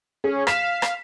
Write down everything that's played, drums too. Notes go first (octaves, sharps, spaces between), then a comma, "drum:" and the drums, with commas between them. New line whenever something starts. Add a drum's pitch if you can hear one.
C#4 G#4
F5 B6 E7, drum: rim click
drum: rim click